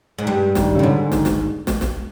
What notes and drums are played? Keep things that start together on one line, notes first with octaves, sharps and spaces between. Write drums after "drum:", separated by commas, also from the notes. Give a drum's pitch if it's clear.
G#2
G2 G3
D#3, drum: snare
C#3
A2
G#2 D3
D#3, drum: snare
drum: snare
drum: snare
drum: snare